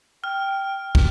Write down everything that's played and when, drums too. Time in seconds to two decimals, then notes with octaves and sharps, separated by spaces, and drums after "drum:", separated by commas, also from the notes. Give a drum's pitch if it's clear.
0.24 G5 F6
0.95 drum: kick